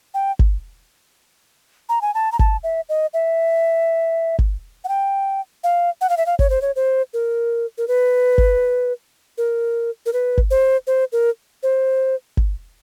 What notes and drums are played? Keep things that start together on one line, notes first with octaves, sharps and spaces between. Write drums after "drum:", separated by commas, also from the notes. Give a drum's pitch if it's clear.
G5
drum: kick G1
A#5
G#5
A5
A#5
A5, drum: kick G1
E5
D#5
E5
drum: kick G1
F#5
G5
F5
F#5
F5
E5
F5
C#5, drum: kick G1
C5
C#5
C5
A#4
A#4
B4
drum: kick G1
A#4
A#4
B4
drum: kick G1
C5
C5
A#4
C5
drum: kick G1